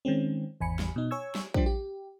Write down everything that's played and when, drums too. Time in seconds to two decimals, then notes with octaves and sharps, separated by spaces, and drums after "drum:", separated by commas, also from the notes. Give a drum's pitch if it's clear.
0.05 D#3 G#3 C4 C#4
0.61 G#1 E2 G#5 B5 C#7
0.79 drum: snare
0.96 B2 D#4
1.11 C#5 G#5 C#6 E6 G#6
1.35 drum: snare
1.54 F3 G3 D4 G4 C5, drum: kick
1.66 G4